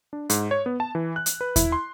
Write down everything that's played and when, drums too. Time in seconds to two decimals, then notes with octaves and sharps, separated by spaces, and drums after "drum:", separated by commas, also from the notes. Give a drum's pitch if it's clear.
0.13 D4
0.30 G#2, drum: hi-hat
0.51 C#5
0.66 B3
0.80 A5
0.95 E3
1.16 F#6
1.26 drum: hi-hat
1.41 B4
1.56 E4, drum: kick D#2, hi-hat
1.72 C6